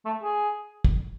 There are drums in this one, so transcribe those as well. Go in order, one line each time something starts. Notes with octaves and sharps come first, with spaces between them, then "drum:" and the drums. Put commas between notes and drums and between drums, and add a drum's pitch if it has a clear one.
A3
G#4
drum: kick